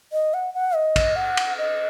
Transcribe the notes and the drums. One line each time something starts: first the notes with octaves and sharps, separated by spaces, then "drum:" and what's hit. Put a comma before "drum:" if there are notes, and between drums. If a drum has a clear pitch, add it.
D#5
F#5
F#5
D#5
drum: kick, cymbal
F#5
drum: cymbal
D#5